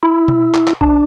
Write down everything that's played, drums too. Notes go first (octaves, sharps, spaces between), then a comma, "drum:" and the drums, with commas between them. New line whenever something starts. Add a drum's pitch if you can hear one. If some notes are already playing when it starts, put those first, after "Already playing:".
E4
drum: tom B2
drum: clap
drum: clap
D4, drum: kick B1